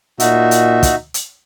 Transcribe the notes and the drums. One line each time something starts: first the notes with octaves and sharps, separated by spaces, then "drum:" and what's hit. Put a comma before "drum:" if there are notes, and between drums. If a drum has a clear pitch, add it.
A#2 D#4 F#4 E5, drum: hi-hat
drum: hi-hat
drum: kick, hi-hat
drum: hi-hat